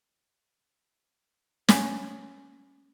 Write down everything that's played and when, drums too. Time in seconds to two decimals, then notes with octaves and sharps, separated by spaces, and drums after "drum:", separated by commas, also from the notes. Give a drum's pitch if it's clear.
1.69 C#4, drum: snare